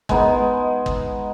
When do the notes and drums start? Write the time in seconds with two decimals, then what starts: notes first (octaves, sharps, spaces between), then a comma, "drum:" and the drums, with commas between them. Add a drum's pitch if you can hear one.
0.09 G#3 B3 D#4, drum: kick G1
0.86 drum: kick G1